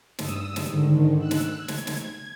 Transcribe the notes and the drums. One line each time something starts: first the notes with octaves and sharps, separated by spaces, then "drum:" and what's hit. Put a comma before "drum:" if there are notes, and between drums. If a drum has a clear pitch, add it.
G2 D#6 E6, drum: snare
drum: snare
G#2 D3 D#3
E6 F#6
drum: snare
G#6
drum: snare
drum: snare